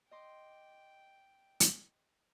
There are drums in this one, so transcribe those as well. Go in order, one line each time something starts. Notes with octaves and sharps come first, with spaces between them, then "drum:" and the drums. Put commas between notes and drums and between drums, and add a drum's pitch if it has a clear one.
D#5 G5 C6 D6
drum: hi-hat